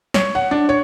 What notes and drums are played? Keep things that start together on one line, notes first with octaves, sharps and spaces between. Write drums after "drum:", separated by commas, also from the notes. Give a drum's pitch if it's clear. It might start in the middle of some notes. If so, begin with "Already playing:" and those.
C#5, drum: snare
F#5
D4
C#5